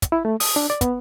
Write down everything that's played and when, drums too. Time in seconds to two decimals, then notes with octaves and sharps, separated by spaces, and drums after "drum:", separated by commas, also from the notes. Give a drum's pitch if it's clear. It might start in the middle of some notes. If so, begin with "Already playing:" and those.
0.02 drum: kick, hi-hat
0.12 E4
0.25 A3
0.40 D#6, drum: open hi-hat
0.56 D4
0.70 D5
0.81 B3, drum: kick, hi-hat